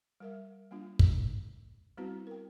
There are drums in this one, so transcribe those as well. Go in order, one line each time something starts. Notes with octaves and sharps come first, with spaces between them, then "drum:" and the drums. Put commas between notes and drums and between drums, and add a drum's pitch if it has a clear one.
G3 A#4 E5
G3 A#3 D4 F4
drum: kick
G3 B3 C4 E4 F#4 B4
A#4 G5